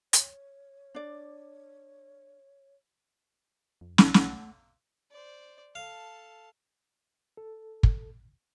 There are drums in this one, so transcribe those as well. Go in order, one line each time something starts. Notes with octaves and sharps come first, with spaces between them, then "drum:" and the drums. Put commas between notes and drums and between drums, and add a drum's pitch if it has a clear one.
C#5, drum: hi-hat
D4 D5
F2
B1, drum: snare
A3 F#5, drum: snare
C5 D5
A4 F5 A5
A4
drum: kick